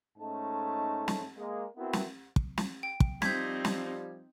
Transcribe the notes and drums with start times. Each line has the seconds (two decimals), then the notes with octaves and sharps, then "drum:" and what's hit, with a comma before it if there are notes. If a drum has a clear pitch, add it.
0.18 G#2 A3 C#4 D#4 A4 A5
1.08 drum: snare
1.38 G#3 A#3
1.77 B3 C4 E4 F#4 A#4 B4
1.93 drum: snare
2.36 drum: kick
2.58 drum: snare
2.83 G5
3.00 drum: kick
3.22 F3 G3 C4 D#4 G6 G#6 B6, drum: snare
3.65 drum: snare